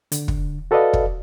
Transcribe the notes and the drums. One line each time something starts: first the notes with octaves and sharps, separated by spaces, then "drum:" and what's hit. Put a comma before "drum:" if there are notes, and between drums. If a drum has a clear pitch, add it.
D3, drum: hi-hat
drum: kick
F#4 A4 B4 D5 D#5 F5
drum: kick